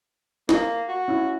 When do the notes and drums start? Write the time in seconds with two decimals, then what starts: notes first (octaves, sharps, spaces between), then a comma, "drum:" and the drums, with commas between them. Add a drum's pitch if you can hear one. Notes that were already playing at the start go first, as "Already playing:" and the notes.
0.49 A#3 G#4, drum: snare
0.88 F#4
1.08 C#4 E4